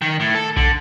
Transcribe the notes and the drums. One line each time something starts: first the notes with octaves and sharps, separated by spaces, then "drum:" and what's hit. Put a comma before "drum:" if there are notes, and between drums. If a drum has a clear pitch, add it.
D#3
A2
A4
D3, drum: kick A#1